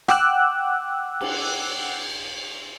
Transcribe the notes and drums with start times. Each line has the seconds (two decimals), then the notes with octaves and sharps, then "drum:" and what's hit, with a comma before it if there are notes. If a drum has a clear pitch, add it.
0.08 F#5 G5 D6 E6 F#6, drum: rim click
1.21 drum: cymbal